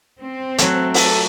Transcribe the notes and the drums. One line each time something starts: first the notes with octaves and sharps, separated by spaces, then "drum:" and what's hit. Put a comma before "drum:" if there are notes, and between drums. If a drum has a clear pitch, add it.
C4
F#3 A3, drum: hi-hat
A4, drum: open hi-hat